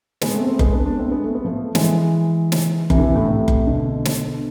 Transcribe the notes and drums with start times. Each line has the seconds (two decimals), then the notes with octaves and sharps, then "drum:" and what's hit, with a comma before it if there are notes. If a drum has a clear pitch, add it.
0.21 G#3 B3, drum: snare
0.34 A3 C4
0.47 A3 C4
0.59 G#3 B3, drum: kick F#1
0.73 B3 D4
0.86 B3 D4
0.98 A3 C4
1.11 G#3 B3
1.24 A3
1.35 B3
1.45 F3 A3
1.75 E3 G#3, drum: snare
2.52 drum: snare
2.90 C3 E3, drum: kick F#1
2.98 D3
3.03 C3 E3
3.16 A2
3.28 A2 C3
3.48 drum: kick F#1
3.67 B2 D3
4.05 drum: snare